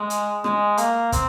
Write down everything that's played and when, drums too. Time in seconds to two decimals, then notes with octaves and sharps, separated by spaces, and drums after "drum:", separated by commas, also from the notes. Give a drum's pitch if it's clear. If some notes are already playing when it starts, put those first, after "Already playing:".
Already playing: G#3
0.10 drum: hi-hat
0.44 G#3, drum: rim click
0.77 A#3, drum: hi-hat
1.12 C4, drum: kick, hi-hat